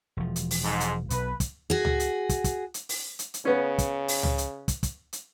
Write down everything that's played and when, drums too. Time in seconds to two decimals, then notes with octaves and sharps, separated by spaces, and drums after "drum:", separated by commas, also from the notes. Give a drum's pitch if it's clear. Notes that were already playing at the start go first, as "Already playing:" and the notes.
0.17 E1 F3
0.36 drum: hi-hat
0.51 drum: open hi-hat
0.63 F2 G#2
0.80 drum: hi-hat
1.10 B1 B2 B4, drum: hi-hat
1.40 drum: kick, hi-hat
1.70 F#4 G#4
1.85 drum: tom C#2
2.00 drum: hi-hat
2.29 drum: kick, hi-hat
2.44 drum: kick, hi-hat
2.74 drum: hi-hat
2.89 drum: open hi-hat
3.19 drum: hi-hat
3.34 drum: hi-hat
3.45 C#3 B3 C#4
3.78 drum: kick, hi-hat
4.08 drum: open hi-hat
4.23 drum: tom C#2
4.38 drum: hi-hat
4.68 drum: kick, hi-hat
4.83 drum: kick, hi-hat
5.13 drum: hi-hat